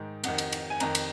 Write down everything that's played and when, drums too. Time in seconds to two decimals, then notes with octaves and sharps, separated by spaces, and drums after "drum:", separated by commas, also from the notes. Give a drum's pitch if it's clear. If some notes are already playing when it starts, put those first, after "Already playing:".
Already playing: G#2 D#3
0.24 F2 D#3 F#5, drum: cymbal
0.38 drum: cymbal
0.52 drum: cymbal
0.70 G#5
0.80 F2 D#3 A#5, drum: cymbal
0.95 drum: cymbal